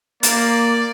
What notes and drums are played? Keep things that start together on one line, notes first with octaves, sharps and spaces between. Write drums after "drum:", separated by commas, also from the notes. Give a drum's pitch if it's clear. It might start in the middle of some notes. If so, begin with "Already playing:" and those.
A#3 D5, drum: hi-hat